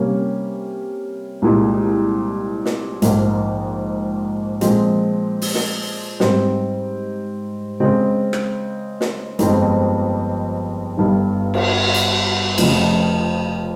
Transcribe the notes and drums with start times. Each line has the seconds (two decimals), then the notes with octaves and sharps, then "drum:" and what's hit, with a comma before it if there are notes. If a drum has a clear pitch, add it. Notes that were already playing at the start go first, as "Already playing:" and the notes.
Already playing: C3 G3 A#3 C#4
1.42 C2 A#2 G#3
2.65 drum: snare
3.02 A#1 G#2 F3 A#3, drum: hi-hat
4.61 A#2 F3 G#3 C4, drum: hi-hat
5.42 drum: open hi-hat
5.55 drum: snare
6.20 G#2 G3 C4, drum: snare
7.80 C#3 G#3 C4
8.33 drum: rim click
9.01 drum: snare
9.39 G1 F2 D#3 G#3 C4, drum: hi-hat
10.98 G1 G2 D#3
11.54 drum: cymbal
11.94 drum: hi-hat
12.58 F1 F2 C#3 F3, drum: cymbal